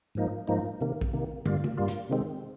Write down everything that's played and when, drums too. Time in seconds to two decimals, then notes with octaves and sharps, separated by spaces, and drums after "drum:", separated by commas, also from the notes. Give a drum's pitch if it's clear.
0.15 G#2 F3 A#3 D#4
0.47 G#2 F3 A#3 D#4
0.81 C3 D#3 A#3
1.01 drum: kick
1.13 C3 D#3 A#3
1.45 G2 G3 A#3 F4, drum: tom
1.64 drum: tom
1.78 G2 G3 A#3 F4
1.88 drum: hi-hat
2.10 C3 D#3 G#3 C4